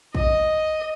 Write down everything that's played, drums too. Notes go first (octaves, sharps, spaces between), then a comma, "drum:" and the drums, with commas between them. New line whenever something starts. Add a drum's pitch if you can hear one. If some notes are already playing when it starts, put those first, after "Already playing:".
D#5, drum: kick